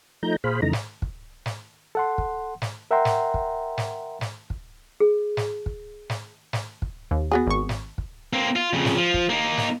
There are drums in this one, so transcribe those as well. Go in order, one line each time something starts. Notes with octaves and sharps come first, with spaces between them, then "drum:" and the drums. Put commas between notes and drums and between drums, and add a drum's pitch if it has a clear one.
F3 A3 D#4 A#5 G6
A#2 G#4 C5 F5 B5
F2 C#3 E3 A3 D#4 A#5
drum: snare
drum: kick
drum: snare
A4 F#5 C6
drum: kick
drum: snare
A#4 E5 F#5 G5 A#5 C6
drum: snare
drum: kick
drum: snare
drum: snare
drum: kick
G#4
drum: snare
drum: kick
drum: snare
drum: snare
drum: kick
D#2
B3 F#4 G#4
G#1 C#6
drum: snare
drum: kick
A#3 C4
F4
F2 C#3
drum: snare
F3
drum: kick
A#3 D#4
drum: snare